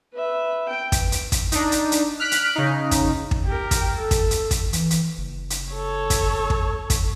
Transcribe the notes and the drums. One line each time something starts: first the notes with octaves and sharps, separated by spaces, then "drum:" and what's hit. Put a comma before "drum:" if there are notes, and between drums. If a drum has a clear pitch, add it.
B4 E5
G5
drum: kick, hi-hat
drum: hi-hat
drum: kick, hi-hat
D4 D#4, drum: hi-hat
drum: hi-hat
drum: hi-hat
F6 F#6 B6 D7
drum: hi-hat
C#3 D#4
drum: kick, hi-hat
drum: kick
G4 A#4
drum: kick, hi-hat
A4
drum: kick, hi-hat
drum: hi-hat
drum: kick, hi-hat
E3, drum: hi-hat
drum: hi-hat
F#1
drum: hi-hat
A4 C#5
drum: kick, hi-hat
drum: kick
drum: kick, hi-hat